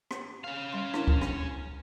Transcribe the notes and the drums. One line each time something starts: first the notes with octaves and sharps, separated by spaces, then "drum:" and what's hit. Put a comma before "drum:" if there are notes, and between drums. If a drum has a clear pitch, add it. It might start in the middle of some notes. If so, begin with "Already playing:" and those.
drum: rim click
C#4 F5
G3 C6
D4 E4 A#4, drum: rim click
drum: kick C#2
drum: rim click